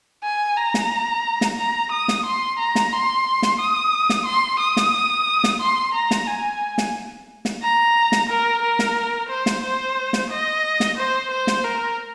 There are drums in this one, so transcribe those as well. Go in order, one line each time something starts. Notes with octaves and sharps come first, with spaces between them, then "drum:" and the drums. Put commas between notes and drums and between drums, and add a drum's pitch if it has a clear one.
G#5
A#5
drum: snare
drum: snare
A#5
D#6
drum: snare
C6
A#5
drum: snare
C6
drum: snare
D#6
drum: snare
C6
D#6
drum: snare
drum: snare
C6
A#5
drum: snare
G#5
drum: snare
drum: snare
A#5
drum: snare
A#4
A#4
drum: snare
C5
drum: snare
C5
drum: snare
D#5
drum: snare
C5
C5
drum: snare
A#4